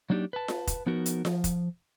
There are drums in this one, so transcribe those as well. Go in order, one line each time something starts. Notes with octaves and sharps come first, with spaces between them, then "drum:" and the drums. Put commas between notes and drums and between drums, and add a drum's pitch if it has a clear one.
F#3 A#3 D4 D#4 F#4 G4
B4 A5
drum: snare F4
drum: kick F1, hi-hat
F3 B3 D#4 F#4 A#4
drum: hi-hat
F3, drum: snare F4
drum: kick F1, hi-hat